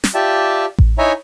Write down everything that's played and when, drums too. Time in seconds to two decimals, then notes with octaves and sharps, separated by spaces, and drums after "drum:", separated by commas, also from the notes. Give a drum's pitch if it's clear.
0.04 drum: snare
0.14 F4 G4 D5 E5 G5 A5
0.79 drum: kick A1
0.98 D#4 E4 C#5 E5 G#5 A#5